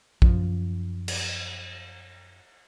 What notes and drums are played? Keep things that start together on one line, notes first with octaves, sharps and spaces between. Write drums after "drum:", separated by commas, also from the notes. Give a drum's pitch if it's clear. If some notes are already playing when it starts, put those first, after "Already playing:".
F#2 F3, drum: kick
drum: cymbal